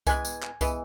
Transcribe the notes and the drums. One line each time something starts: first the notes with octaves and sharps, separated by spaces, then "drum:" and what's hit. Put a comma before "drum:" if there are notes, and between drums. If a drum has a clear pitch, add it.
E3 G#3 B3 G#5, drum: kick C2, tambourine
drum: tambourine
drum: clap
E3 G#3 B3, drum: kick C2, tambourine